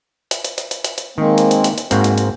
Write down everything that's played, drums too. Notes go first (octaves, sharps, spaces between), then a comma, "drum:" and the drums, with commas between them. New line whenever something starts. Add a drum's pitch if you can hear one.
drum: hi-hat
drum: hi-hat
drum: hi-hat
drum: hi-hat
drum: hi-hat
drum: hi-hat
D#3 G#3 A#3 C4
drum: hi-hat
drum: hi-hat
drum: hi-hat
drum: hi-hat
G#2 A#3 C4 F#4, drum: hi-hat
drum: hi-hat
drum: hi-hat